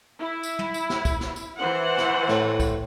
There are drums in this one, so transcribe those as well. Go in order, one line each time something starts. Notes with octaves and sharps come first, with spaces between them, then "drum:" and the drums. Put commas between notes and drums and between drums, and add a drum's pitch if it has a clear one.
E4
drum: tambourine
drum: tom
drum: tambourine
drum: snare
drum: kick, tambourine
drum: snare
drum: tambourine
E3 C5 F#5
drum: snare
A2, drum: snare
drum: kick, tambourine